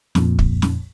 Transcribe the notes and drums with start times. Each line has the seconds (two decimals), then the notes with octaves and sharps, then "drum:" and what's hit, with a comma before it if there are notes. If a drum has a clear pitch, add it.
0.15 F2 A#2, drum: snare
0.39 drum: kick
0.62 drum: snare